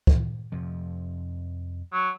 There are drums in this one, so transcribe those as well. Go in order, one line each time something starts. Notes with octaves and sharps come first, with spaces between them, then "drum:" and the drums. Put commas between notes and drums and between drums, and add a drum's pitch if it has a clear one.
drum: kick
F2 C3 F3
F#3